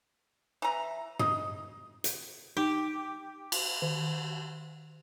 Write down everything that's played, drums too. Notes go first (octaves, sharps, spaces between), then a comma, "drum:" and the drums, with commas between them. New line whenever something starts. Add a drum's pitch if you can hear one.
E3 A#5
D#5, drum: tom
drum: hi-hat
D#4 G4
drum: cymbal
D#3